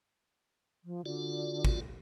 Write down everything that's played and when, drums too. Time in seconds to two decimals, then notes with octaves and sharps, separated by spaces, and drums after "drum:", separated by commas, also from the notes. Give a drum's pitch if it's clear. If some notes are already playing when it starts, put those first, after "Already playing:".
0.84 F3
1.06 D3 F4 F#4 D5
1.65 drum: kick